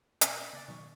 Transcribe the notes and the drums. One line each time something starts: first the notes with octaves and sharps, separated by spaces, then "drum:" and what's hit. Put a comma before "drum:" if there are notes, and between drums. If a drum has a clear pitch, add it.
B2, drum: hi-hat
D#5
C#3 A#3 D5
B2 D#3 F#3 C#6